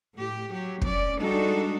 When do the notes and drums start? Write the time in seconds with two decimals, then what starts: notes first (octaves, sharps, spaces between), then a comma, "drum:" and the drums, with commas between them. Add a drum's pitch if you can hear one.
0.15 A2 G4
0.51 F#3 G4
0.81 C#4 D5, drum: kick
1.19 G3 G#3 D4 D#4 F#4 A4